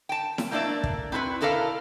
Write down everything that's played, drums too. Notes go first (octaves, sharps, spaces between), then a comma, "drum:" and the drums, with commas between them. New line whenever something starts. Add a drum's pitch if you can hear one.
G5 A5
drum: snare E4
A3 A#3 D4 C#5 D5 E5
drum: kick
C4 E4 F#4 A4 B4
B2 E4 A4 A#4 D5 F5